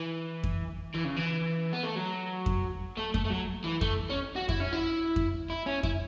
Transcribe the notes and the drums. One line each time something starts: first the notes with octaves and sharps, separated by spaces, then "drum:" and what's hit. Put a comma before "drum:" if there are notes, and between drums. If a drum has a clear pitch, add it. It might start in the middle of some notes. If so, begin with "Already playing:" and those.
Already playing: E3
drum: kick F2
E3
C#3
E3
B3
A3
F#3
drum: kick F2
A3
A3, drum: kick F2
A3
F#3
E3
A3, drum: kick F2
C#4
F#4
E4, drum: kick F2
C#4
E4
drum: kick F2
E4
C#4
E4, drum: kick F2